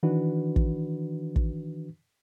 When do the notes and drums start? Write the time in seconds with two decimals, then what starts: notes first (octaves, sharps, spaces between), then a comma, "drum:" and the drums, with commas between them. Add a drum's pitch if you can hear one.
0.03 D#3 E3 D4 F#4 B4
0.56 drum: kick
1.36 drum: kick